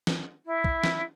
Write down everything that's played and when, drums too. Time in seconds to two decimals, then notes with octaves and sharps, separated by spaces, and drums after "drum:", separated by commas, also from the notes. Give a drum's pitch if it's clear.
0.07 drum: snare
0.45 E4
0.64 drum: kick
0.84 drum: snare